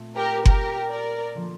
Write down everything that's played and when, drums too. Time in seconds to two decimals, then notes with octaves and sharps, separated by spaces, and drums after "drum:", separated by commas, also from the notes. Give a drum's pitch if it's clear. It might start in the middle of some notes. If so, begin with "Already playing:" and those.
Already playing: A#2 A3 C4
0.17 G4 A#4
0.45 G4 A#4, drum: kick F#1
0.90 A#4 D5
1.35 D3 F3 A#3 F4